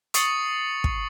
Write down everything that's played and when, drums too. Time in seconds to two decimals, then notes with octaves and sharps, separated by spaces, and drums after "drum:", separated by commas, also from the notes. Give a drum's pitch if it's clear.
0.14 C#6 D#6 A6 C7 C#7 F#7, drum: hi-hat
0.84 drum: kick